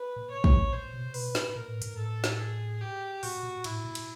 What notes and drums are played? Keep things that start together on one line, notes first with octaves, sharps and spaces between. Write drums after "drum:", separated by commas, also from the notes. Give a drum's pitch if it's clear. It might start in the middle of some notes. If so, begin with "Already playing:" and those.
Already playing: B4
A#2
C#5
A#2, drum: kick
A#2 C5
B2
C3
B2 B4, drum: open hi-hat
A#2, drum: snare
A#2 A#4
A2
G#2, drum: hi-hat
A2 A4
drum: snare
G#4
G4
A#2 F#4, drum: open hi-hat
A#2
A2 E4, drum: cymbal
A#2
drum: cymbal